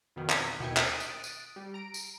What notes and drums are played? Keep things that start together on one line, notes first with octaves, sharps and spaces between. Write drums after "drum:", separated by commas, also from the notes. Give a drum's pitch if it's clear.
F2 B2 D#3
drum: clap
D#2 B2 E4 G5 G#5 C#7
D#6 F#6 A6 D7 D#7, drum: clap
drum: tambourine
drum: tambourine
G3
A#5 D7
drum: tambourine